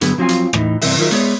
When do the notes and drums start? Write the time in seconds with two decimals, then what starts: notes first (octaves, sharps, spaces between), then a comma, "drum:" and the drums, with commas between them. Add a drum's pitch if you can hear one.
0.01 G2 D3 F#3 B3 G#4 B4, drum: hi-hat
0.18 F3 F#3 C4 F4 F5 G#5
0.29 drum: hi-hat
0.53 A2 E3 D#4, drum: rim click
0.82 G2 C3 E3 E5, drum: open hi-hat
0.97 D#3 F#3 F4 G#4 A#4 E5
1.11 G#3 B3 G#4 C#5 D5 E5, drum: hi-hat